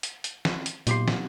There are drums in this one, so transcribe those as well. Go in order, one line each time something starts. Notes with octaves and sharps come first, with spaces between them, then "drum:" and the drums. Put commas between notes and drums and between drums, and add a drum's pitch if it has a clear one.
drum: hi-hat
drum: hi-hat
drum: snare
drum: hi-hat
B1 A#2 G4 C6, drum: hi-hat
drum: snare